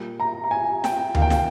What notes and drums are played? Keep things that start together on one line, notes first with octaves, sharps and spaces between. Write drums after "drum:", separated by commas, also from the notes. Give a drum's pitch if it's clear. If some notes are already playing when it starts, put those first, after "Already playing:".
Already playing: A#2 G3 A#3
A#5
A#5
G#5
G5, drum: snare
D#2 D#3 A#3 F5, drum: tom D2
G5
F5, drum: snare